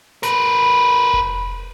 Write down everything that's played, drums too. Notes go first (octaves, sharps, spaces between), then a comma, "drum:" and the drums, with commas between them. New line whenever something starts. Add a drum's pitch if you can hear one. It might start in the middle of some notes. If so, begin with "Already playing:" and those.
A#4 B4, drum: hi-hat
drum: kick F1